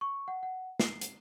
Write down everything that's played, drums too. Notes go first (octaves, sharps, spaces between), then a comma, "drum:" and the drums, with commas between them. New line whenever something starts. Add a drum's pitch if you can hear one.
C#6
F#5
F#5
C7, drum: snare
drum: hi-hat